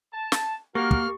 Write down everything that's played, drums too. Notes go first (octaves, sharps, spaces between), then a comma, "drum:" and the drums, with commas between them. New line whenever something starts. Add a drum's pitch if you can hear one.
A5
drum: snare
A#3 F#4 G4 A#4 C#6 F6
drum: kick